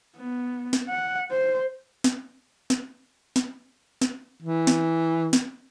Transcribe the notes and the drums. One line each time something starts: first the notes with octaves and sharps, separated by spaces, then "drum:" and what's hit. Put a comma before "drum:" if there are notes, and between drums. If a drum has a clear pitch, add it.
B3
drum: snare
F#5
C5
drum: snare
drum: snare
drum: snare
drum: snare
E3
drum: snare
drum: snare